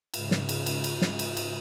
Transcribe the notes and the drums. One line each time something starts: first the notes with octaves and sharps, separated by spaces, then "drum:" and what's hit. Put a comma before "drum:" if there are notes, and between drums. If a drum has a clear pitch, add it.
G#2 C#3, drum: cymbal
drum: snare
drum: cymbal
drum: cymbal
drum: cymbal
drum: snare
drum: cymbal
drum: cymbal